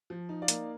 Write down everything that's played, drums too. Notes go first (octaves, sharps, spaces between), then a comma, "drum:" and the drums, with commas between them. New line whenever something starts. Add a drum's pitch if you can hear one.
F3
D#4
D5 F5
A#3, drum: hi-hat